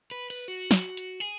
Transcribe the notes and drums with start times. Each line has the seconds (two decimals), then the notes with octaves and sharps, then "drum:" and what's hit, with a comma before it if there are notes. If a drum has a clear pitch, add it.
0.11 B4
0.30 B4, drum: cymbal
0.48 F#4
0.71 drum: snare
0.97 drum: hi-hat
1.20 G#4